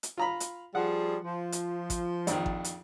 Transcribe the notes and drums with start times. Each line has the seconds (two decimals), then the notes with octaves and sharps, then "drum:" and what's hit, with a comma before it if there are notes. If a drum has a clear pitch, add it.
0.03 drum: hi-hat
0.17 F4 A#5 B5
0.40 drum: hi-hat
0.75 F3 G3 G#4 F#5
1.24 F3
1.52 drum: hi-hat
1.90 drum: kick G#1, hi-hat
2.27 A#1 F2 D#3, drum: hi-hat
2.46 drum: kick G#1
2.64 drum: hi-hat